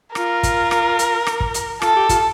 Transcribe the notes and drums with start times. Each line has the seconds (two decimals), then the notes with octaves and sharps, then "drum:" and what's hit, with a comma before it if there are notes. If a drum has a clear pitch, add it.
0.15 F4 A#4, drum: rim click
0.43 drum: kick, hi-hat
0.71 drum: rim click
0.99 drum: hi-hat
1.27 drum: rim click
1.40 drum: kick
1.54 drum: hi-hat
1.82 F4 A4, drum: rim click
1.96 G4
2.09 F4, drum: kick, hi-hat